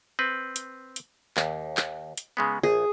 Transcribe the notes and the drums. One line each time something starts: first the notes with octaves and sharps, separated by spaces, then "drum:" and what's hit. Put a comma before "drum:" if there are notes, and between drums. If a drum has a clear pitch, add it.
C4 B4
drum: hi-hat
drum: hi-hat
D#2, drum: clap
drum: clap
drum: hi-hat
C#3 G#3 B3
A#1 G#4